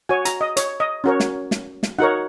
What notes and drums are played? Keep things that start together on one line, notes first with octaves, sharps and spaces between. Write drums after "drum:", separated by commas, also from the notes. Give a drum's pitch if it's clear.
F#4 C#5 G#5
A#5, drum: hi-hat
D#5
C#5, drum: hi-hat
D#5
C#4 F#4 A#4 C#5
drum: snare
drum: snare
drum: snare
D#4 F#4 A#4 C#5 F#5